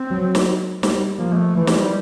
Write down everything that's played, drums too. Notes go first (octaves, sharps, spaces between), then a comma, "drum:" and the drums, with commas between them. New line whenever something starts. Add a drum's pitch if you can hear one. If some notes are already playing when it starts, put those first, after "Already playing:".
Already playing: C4
F#3
drum: snare
G3, drum: snare
F3 A#3
G#3
A3
E3 A3
G#3, drum: snare
G3